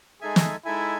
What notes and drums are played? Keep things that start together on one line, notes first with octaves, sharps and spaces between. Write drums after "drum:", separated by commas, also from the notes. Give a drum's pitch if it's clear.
G#3 D#4 G#4 A4 E5 G#5
drum: snare
G#3 D#4 E4 A4 E5 G#5